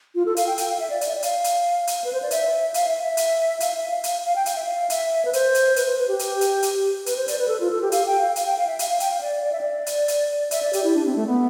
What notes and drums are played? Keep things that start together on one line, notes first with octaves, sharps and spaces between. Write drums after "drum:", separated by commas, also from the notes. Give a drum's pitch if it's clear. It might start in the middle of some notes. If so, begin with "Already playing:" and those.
F4
A4
F5, drum: hi-hat
G5
G5, drum: hi-hat
F5
E5
D5
D5, drum: hi-hat
E5
D5
F5, drum: hi-hat
drum: hi-hat
drum: hi-hat
B4
C5
D5
E5, drum: hi-hat
F5, drum: hi-hat
E5
E5
drum: hi-hat
F5, drum: hi-hat
E5
F5
F5, drum: hi-hat
F5
G5
F5, drum: hi-hat
E5
F5
E5, drum: hi-hat
B4
C5, drum: hi-hat
drum: hi-hat
B4, drum: hi-hat
B4
B4
G4
drum: hi-hat
drum: hi-hat
drum: hi-hat
B4, drum: hi-hat
C5
D5, drum: hi-hat
B4
A4
F4
A4
G4
F5, drum: hi-hat
G5
F5
F5, drum: hi-hat
G5
F5
E5
F5, drum: hi-hat
F5
G5, drum: hi-hat
F5
D5
D5
E5
D5
drum: hi-hat
drum: hi-hat
E5, drum: hi-hat
D5
G4, drum: hi-hat
E4
D4
C4
A3
B3